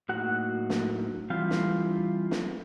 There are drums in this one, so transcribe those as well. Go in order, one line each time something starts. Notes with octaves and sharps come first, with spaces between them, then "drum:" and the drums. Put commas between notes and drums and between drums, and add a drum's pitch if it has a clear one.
A2 F#3 A#3 D#4 F#4 F#5
drum: snare
E3 G3 C4 E4 F4 F5
drum: snare
drum: snare